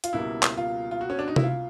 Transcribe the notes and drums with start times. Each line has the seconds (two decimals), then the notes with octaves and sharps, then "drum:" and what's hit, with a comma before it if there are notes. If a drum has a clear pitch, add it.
0.04 F4, drum: hi-hat
0.13 C#2 B2 G3 A#3 E4
0.43 drum: clap
0.57 F4
0.91 F4
1.01 F#4
1.10 C#4
1.19 D4
1.28 D#4
1.36 E4, drum: tom C3
1.44 F4